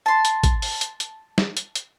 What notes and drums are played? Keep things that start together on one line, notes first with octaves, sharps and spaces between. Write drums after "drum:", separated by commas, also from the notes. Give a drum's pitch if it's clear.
A5 C6
drum: hi-hat
drum: kick, hi-hat
drum: open hi-hat
drum: hi-hat
drum: hi-hat
drum: snare
drum: hi-hat
drum: hi-hat